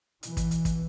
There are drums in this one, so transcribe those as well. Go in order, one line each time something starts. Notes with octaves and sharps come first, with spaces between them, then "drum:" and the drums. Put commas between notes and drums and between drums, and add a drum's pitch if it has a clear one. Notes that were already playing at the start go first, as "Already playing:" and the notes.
B2 E3, drum: hi-hat
drum: kick, hi-hat
drum: hi-hat
drum: kick, hi-hat